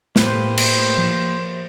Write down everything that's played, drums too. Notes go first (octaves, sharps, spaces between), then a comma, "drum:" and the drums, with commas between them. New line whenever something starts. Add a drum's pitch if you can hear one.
A2 A#3 G4 B4 C5, drum: snare
drum: cymbal
F3